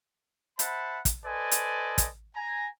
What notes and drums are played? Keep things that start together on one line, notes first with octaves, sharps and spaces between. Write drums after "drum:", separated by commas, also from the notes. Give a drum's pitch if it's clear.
C5 E5 F#5 A5 B5, drum: hi-hat
drum: kick, hi-hat
A4 B4 C5 D5 D#5 G#5
drum: hi-hat
drum: kick, hi-hat
G#5 A#5